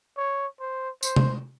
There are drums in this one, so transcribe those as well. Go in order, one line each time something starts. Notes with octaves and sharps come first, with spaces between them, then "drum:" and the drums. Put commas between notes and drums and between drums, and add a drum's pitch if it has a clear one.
C#5
C5
C5, drum: tambourine
drum: tom